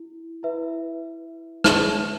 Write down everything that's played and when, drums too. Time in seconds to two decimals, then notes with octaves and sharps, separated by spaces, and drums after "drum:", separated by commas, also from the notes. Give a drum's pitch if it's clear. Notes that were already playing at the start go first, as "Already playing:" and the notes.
Already playing: E4
0.43 E4 B4 E5
1.64 B4 E5 A5, drum: rim click